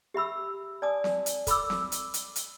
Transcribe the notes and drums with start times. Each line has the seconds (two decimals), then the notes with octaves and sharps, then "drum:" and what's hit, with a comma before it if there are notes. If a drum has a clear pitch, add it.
0.14 G4 E5 B5 E6
0.82 D5 G#5 A5 D#6
1.04 drum: snare C4
1.26 drum: hi-hat
1.47 A4 B5 D6 E6, drum: kick, hi-hat
1.70 drum: snare C4
1.92 drum: hi-hat
2.14 drum: hi-hat
2.36 drum: hi-hat